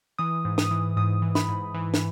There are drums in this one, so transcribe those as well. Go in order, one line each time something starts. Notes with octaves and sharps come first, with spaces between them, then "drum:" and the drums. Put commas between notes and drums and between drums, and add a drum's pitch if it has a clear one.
E3 D#6
G#2
D#6, drum: snare
E3
G#2 D#6
E3
B5, drum: snare
G#2
E3
drum: snare